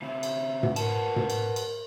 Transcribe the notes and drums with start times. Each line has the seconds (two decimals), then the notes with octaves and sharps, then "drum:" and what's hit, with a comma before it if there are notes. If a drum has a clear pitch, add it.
0.02 C#3 C4 E5
0.23 drum: cymbal
0.63 drum: tom
0.76 A#4 B4 F#5 A5, drum: cymbal
1.16 drum: tom
1.30 drum: cymbal
1.56 drum: cymbal